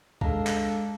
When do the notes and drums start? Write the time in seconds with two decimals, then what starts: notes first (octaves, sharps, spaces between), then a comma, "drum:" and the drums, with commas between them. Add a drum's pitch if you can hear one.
0.21 G#3 D4 A4 F5 A#5, drum: kick C#2
0.47 drum: clap